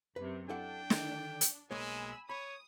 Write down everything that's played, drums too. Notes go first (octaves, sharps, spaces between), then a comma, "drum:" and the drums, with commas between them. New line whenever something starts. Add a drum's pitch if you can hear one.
F#2 C3 B4
D4 E4 A4 F#5 G5
D3 D#3, drum: snare
drum: hi-hat
B1 G#3 A#3 C#5 G#5 B5 E6
C#5 B5 D#6